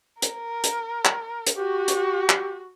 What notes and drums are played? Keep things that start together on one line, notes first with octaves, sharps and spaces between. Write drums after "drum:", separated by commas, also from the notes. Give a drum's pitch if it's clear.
A#4, drum: hi-hat
drum: hi-hat
drum: clap
drum: hi-hat
F#4 G4
drum: hi-hat
drum: clap